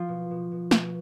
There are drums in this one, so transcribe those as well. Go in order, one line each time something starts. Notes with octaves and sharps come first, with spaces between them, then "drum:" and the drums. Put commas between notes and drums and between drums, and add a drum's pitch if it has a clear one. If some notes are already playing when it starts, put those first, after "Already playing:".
Already playing: F3 F4
B2
B2
B2
B2, drum: snare